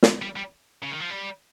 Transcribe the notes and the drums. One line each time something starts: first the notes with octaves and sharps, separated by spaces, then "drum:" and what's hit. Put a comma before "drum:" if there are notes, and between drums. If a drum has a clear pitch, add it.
drum: snare
G3
G3
C#3
D#3
F3
G3